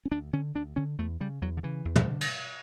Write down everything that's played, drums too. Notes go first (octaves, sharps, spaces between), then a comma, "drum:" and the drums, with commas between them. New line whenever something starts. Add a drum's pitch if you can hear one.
C#4
D2 D4
D3 C#4
D2 D4
D3 C#4
E2 A3
C#3 G3
E2 F#3
D3
C#3 E3
E2
drum: tom
D3
drum: cymbal